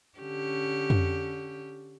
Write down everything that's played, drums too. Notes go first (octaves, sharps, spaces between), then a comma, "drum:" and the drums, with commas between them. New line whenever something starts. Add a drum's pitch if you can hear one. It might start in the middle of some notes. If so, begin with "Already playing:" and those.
D3 C#4 G4
drum: tom F2